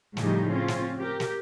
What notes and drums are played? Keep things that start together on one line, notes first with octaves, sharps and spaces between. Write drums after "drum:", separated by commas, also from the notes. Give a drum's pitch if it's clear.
A2 C#3 F3 G3 D#4 G4, drum: snare
C4 C#4 F4
drum: snare
G4 A#4
drum: snare